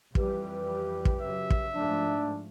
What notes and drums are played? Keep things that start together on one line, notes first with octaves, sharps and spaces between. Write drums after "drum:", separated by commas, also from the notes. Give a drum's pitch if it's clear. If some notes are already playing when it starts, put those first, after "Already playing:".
F2 E3 G3 G4 B4, drum: kick
drum: kick
F#2 C#3 F#3 E5
drum: kick
G#2 F3 A3 D4